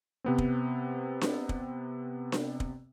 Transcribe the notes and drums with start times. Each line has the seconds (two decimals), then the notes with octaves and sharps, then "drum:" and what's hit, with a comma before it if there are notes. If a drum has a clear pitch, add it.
0.24 C3 B3 C4
0.38 drum: kick
1.21 drum: snare D4
1.49 drum: kick
2.32 drum: snare D4
2.60 drum: kick